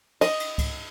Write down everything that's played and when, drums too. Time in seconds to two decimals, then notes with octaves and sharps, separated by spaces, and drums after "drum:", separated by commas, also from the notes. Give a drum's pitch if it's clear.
0.21 D#5, drum: cymbal
0.40 drum: cymbal
0.58 drum: kick C#2, cymbal